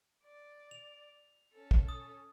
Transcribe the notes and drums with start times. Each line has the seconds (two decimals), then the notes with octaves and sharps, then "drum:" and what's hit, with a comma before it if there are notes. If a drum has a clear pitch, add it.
0.24 D5
0.71 F7
1.53 C#4 A4
1.71 drum: kick
1.89 D#6